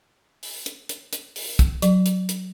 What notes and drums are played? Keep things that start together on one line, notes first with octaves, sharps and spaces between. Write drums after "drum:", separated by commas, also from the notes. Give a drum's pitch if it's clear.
drum: open hi-hat
drum: hi-hat
drum: hi-hat
drum: hi-hat
drum: open hi-hat
drum: kick, hi-hat
F#3, drum: hi-hat
drum: hi-hat
drum: hi-hat